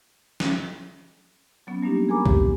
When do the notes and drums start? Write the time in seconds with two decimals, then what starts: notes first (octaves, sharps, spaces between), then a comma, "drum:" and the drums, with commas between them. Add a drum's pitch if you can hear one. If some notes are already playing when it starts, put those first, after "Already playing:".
0.40 drum: snare
1.67 F#3 B3 C#4
1.82 G3 A#3 D4 D#4 G4
2.09 G#4 A#4 G#5 A#5 B5 D6
2.26 G4, drum: kick B1